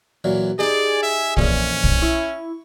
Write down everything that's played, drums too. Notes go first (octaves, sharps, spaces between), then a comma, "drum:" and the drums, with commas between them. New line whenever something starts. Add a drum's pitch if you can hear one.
A#2 E3 F#3
D#4 G4 G#4 D5
E5
F2 A#2 E3 C#4, drum: kick
drum: kick
E4 C#6